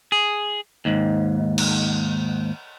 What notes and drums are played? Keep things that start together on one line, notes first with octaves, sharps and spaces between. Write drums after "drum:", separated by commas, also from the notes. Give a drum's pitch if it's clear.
G#4
D#2 G#2
drum: cymbal